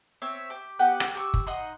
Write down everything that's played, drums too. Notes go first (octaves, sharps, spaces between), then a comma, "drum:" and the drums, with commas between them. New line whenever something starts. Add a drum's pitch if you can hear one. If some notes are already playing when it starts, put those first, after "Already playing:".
C4 C#5 E5
G4
B3 G4 F#5 G5
drum: rim click
G4 C#6 E6
drum: kick
D#4 D#5 F#5 C6